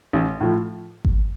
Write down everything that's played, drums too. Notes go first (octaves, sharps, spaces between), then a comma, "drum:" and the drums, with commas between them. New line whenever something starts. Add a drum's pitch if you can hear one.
A1
A2 F3
drum: kick G#1